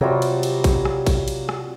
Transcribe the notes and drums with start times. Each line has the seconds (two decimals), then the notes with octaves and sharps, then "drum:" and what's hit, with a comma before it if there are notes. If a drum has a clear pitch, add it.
0.01 C3 F#3 G3 F4
0.22 drum: cymbal
0.43 drum: cymbal
0.64 drum: kick A#1, cymbal
0.85 drum: rim click
1.07 drum: kick A#1, cymbal
1.28 drum: cymbal
1.49 drum: rim click